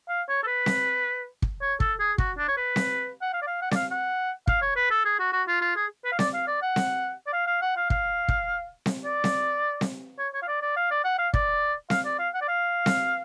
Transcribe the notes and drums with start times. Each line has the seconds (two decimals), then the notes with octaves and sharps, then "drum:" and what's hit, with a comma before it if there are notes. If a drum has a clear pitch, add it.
0.08 F5
0.29 C#5
0.43 A4
0.46 B4
0.66 drum: snare C4
1.42 drum: kick
1.61 C#5
1.80 A4, drum: kick
2.00 G#4
2.18 F#4, drum: kick
2.37 D4
2.48 C#5
2.57 B4
2.76 drum: snare C4
3.21 F#5
3.33 F5
3.42 D5
3.47 F5
3.62 F#5
3.71 D5, drum: snare C4
3.75 F5
3.91 F#5
4.47 F5, drum: kick
4.62 C#5
4.76 B4
4.90 A4
5.05 G#4
5.19 F#4
5.33 F#4
5.48 F4
5.62 F4
5.76 G#4
6.04 B4
6.12 F5
6.19 D5, drum: snare C4
6.34 F5
6.47 D5
6.62 F#5
6.76 drum: snare C4
7.27 D5
7.33 F5
7.47 F5
7.62 F#5
7.76 F5
7.90 F5, drum: kick
8.28 drum: kick
8.86 drum: snare C4
9.05 D5
9.24 drum: snare C4
9.81 drum: snare C4
10.18 C#5
10.34 C#5
10.42 F5
10.48 D5
10.62 D5
10.76 F5
10.91 D5
11.04 F#5
11.19 F5
11.34 D5, drum: kick
11.90 F5, drum: snare C4
12.05 D5
12.19 F5
12.34 F#5
12.41 D5
12.48 F5
12.86 drum: snare C4